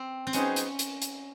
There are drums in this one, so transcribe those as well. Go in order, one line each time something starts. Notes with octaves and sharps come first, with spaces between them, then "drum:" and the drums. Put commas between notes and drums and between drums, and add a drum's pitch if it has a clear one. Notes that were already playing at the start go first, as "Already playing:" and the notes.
Already playing: C4
C4
F#3 B3 C#4 D#4 G#4 C5, drum: hi-hat
drum: hi-hat
drum: hi-hat
drum: hi-hat